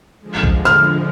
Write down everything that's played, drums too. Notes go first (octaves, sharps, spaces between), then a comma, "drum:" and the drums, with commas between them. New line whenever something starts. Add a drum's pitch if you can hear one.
D3 F3 G#3
drum: kick
F6, drum: snare